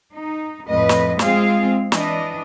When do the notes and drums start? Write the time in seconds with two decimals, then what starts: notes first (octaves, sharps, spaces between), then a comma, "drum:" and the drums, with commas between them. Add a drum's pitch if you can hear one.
0.13 D#4
0.69 F2 A2 B4 D#5
0.89 drum: snare
1.19 G#3 C4 F4 G#4 F5, drum: snare
1.92 E3 D4 D#5, drum: snare